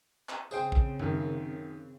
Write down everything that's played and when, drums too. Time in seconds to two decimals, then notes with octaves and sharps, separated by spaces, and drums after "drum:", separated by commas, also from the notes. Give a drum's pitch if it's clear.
0.29 drum: clap
0.51 C#3 C4 G#4 C5 G5, drum: tambourine
0.72 drum: kick
0.99 F#2 D#3, drum: tom F#2